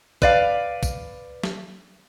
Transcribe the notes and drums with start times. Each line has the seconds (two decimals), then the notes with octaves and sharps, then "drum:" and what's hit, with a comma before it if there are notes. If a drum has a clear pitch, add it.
0.22 B4 D5 F5, drum: kick
0.83 drum: kick, tambourine
1.44 drum: snare